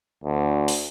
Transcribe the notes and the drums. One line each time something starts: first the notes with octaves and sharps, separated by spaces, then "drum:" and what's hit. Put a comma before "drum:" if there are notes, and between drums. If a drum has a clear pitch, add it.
D2
drum: open hi-hat